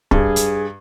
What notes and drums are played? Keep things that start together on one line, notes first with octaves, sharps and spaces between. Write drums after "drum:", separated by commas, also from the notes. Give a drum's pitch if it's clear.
G2 G#4, drum: kick
drum: hi-hat